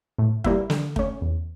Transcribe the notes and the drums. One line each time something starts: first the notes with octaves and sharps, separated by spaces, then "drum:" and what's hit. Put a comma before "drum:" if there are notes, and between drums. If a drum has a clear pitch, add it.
A2
E3 G3 A#3 E4, drum: kick
D3, drum: snare
A3 C#4, drum: kick
E2